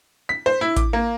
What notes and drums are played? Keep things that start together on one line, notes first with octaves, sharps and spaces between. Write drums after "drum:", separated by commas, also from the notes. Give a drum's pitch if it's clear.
B6
C5
E4
D6, drum: kick A1, hi-hat
A#3